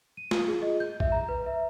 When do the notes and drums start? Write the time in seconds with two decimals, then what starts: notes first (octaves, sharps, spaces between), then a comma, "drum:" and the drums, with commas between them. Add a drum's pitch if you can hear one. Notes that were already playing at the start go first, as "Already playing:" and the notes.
0.17 D#7
0.31 F4, drum: snare
0.48 G#4
0.62 D#5
0.80 G6
1.00 E5, drum: kick A#1
1.12 A#5
1.29 B4
1.46 E5